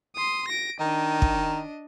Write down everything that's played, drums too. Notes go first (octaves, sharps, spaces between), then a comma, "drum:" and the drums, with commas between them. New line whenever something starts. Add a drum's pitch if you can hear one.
C6 D#6
A#6 D7
D#3 D4 D#5
drum: kick